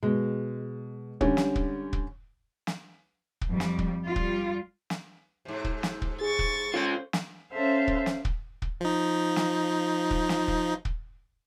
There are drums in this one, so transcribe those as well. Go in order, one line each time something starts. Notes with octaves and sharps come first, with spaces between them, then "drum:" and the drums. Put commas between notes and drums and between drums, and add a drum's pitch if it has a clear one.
B2 G#3
D3 G3 C#4, drum: kick
drum: snare
drum: kick
drum: kick
drum: snare
drum: kick
F2 G3
drum: snare
drum: kick
G3 F4
drum: kick
drum: snare
G#2 C3
drum: kick
drum: snare
drum: kick
G#4 C#6 A6
drum: kick
C4 C#4 F4 A4
drum: snare
C#4 A4 C5 E5 F5
drum: kick
drum: snare
drum: kick
drum: kick
F3 D#4
drum: snare
drum: kick
drum: snare
drum: kick
drum: kick